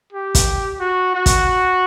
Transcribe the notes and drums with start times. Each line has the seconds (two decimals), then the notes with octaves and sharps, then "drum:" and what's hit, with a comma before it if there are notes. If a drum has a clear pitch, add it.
0.12 G4
0.35 drum: kick, hi-hat
0.80 F#4
1.15 F#4
1.26 drum: kick, hi-hat